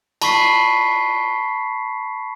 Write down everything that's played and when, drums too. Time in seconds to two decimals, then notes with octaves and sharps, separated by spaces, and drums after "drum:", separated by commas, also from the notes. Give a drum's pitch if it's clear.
0.22 A5 B5 C#6 B6 C7, drum: cymbal